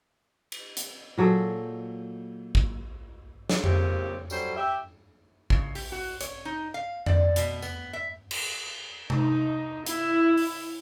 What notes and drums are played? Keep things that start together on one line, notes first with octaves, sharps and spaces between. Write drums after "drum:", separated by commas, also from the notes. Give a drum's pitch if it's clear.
drum: cymbal
drum: hi-hat
A#2 F#3 G#4 A4
drum: kick
drum: snare
A#2 C#3 C4 G4, drum: tom F2
F#3 G3 C#4 A4 C5, drum: tambourine
G4 E5
C#3, drum: kick
G4, drum: open hi-hat
F#4
C#5, drum: hi-hat
D#4
F5
D5, drum: tom F2
B2, drum: hi-hat
B3, drum: tambourine
E5
drum: cymbal
D#4, drum: tom C3
E4, drum: hi-hat
drum: open hi-hat